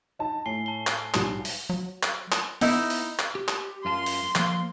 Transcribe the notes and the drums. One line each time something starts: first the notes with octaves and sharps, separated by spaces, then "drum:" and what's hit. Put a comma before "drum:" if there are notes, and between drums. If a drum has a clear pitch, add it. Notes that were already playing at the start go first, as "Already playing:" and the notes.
D#4 A5
A2 G#5 C7 G7
A5 G7
drum: clap
B1 G#2 G3, drum: clap
drum: open hi-hat
F#3
drum: clap
drum: clap
B3 D#4 E4, drum: open hi-hat
drum: open hi-hat
drum: clap
G4
drum: clap
F#2 F4 A5 C6
drum: open hi-hat
F3 A#3, drum: clap